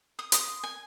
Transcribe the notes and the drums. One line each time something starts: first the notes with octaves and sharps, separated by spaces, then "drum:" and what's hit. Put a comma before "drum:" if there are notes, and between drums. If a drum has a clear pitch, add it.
D#6
C6 D#6, drum: hi-hat
G#5